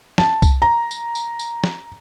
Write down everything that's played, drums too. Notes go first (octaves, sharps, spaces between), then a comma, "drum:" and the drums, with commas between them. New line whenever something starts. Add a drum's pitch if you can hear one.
A5, drum: snare
drum: kick C2, tambourine
A#5
drum: tambourine
drum: tambourine
drum: tambourine
drum: snare